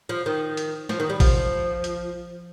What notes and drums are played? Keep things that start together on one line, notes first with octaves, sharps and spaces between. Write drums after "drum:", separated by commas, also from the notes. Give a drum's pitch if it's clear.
F3
D#3
drum: hi-hat
F3, drum: snare
D#3
G3
F3, drum: kick A1, open hi-hat
drum: hi-hat